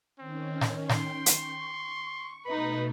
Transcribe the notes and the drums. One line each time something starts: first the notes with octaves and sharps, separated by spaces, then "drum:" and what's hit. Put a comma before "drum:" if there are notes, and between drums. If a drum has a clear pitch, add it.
D#3 C4 C#4
drum: snare
G5 C6, drum: snare
C#6, drum: hi-hat
B2 A3 D#4 B4 B5